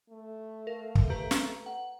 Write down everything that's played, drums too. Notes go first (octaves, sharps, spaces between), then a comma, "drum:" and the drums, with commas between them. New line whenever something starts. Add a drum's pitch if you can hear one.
A3
A#4 F5
drum: kick
G4 B4 A#5
drum: snare
F#5